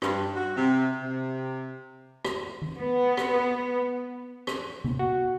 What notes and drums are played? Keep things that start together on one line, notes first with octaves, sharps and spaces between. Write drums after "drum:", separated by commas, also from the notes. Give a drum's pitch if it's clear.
G2, drum: rim click
F#4
C3
C3
drum: rim click
drum: tom E3
B3
drum: rim click
drum: rim click
drum: tom C3
F#4